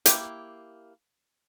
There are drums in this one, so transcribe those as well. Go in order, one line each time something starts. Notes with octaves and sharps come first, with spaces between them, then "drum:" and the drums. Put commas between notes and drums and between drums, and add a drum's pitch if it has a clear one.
A#3 E4 G4, drum: hi-hat